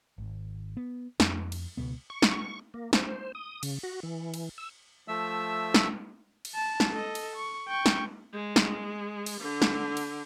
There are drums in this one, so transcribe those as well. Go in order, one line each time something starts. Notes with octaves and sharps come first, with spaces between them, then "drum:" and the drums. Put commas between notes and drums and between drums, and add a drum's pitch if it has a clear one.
G#1
B3
F2, drum: snare
drum: cymbal
C#2 F#2 B2 B3
C#6
drum: snare
A#3
C5, drum: snare
D#6
C#3, drum: cymbal
F#4
E3
drum: cymbal
E6
F3 A3 E5 E6
drum: snare
drum: cymbal
A5
drum: snare
A4 D#5
drum: cymbal
C#6
G5 C#6
drum: snare
G#3
drum: snare
drum: cymbal
D3
drum: snare
drum: cymbal